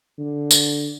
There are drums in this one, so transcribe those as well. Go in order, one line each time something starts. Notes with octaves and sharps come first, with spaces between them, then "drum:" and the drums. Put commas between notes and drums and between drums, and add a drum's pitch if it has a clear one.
D3
drum: tambourine